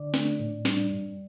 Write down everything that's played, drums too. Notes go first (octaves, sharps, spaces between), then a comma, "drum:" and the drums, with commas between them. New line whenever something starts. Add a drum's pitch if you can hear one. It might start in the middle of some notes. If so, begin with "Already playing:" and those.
Already playing: D3 D5
A3 D4, drum: snare
A2
G3 D4, drum: snare
G2